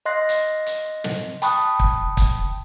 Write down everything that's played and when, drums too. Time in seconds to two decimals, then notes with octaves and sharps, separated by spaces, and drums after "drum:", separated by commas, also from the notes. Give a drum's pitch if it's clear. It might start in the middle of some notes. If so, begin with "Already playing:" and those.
0.06 D#5 F5 C6 F#6 A#6 C7
0.29 drum: hi-hat
0.66 drum: hi-hat
1.04 drum: snare
1.42 G5 A5 B5 C#6 D#6 F#6, drum: hi-hat
1.79 drum: kick
2.17 drum: kick, hi-hat